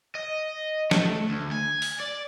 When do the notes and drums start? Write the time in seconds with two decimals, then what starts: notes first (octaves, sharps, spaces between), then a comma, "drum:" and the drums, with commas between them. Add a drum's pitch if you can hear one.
0.15 D#5
0.91 A3, drum: snare
1.29 D2
1.51 G#5
1.82 drum: open hi-hat
2.00 D5